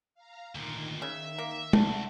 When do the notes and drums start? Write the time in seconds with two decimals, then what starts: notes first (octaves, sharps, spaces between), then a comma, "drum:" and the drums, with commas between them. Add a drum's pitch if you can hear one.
0.15 F5 A#5
0.55 D2 A#2 D#3
1.02 C#3 E5
1.38 A#3
1.73 C2 D3 A3 E5 F#5, drum: tom